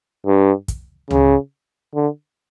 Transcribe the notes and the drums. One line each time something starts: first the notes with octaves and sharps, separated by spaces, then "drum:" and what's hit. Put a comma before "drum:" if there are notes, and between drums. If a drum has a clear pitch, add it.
G2
drum: kick, hi-hat
C#3, drum: tom C#2
D3